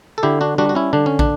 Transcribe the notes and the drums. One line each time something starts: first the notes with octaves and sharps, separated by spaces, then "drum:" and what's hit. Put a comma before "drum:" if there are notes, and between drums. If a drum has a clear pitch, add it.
A4
D3 E4 G4
D4 F#4
G3 D4 F#4
F#4
C#4 E4
D3 D4
C#4
D4, drum: kick